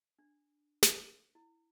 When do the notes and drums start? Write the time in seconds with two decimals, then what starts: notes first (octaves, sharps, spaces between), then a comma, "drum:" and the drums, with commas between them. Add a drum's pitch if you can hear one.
0.19 D4
0.83 drum: snare
1.35 E4